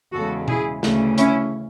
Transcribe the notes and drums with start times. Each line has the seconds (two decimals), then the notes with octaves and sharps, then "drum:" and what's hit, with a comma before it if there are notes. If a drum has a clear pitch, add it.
0.13 E2 C#3 G#3 F#4 A4
0.48 E4 G#4, drum: tom B2
0.83 D2 C#3 E3 A3, drum: snare
1.18 C#4 E4, drum: hi-hat